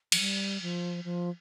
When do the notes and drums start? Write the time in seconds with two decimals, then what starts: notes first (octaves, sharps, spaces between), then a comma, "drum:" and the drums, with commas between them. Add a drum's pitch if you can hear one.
0.12 F3, drum: cymbal
0.20 G3
0.62 F3
1.04 F3